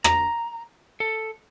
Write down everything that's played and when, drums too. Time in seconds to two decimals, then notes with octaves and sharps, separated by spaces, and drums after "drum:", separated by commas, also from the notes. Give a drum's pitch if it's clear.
0.04 A#5, drum: rim click
1.00 A4